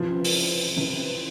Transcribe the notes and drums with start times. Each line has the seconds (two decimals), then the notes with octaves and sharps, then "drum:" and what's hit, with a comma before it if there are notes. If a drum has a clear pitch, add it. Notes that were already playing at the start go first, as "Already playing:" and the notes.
Already playing: C#2 C3 E3 F3
0.24 drum: open hi-hat
0.76 C#2 C3 E3